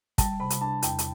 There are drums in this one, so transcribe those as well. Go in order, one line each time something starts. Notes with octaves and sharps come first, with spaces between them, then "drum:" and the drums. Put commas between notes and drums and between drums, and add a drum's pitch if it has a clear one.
G3 A5, drum: kick, hi-hat
C3 B5
drum: hi-hat
D4 A5
E2 G5, drum: hi-hat
drum: hi-hat